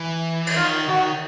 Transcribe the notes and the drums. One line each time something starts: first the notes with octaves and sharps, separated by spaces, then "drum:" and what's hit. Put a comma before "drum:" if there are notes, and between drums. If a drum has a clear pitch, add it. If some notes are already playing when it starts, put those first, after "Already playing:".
Already playing: E3
drum: cymbal
D#3 F4
D#3 F#4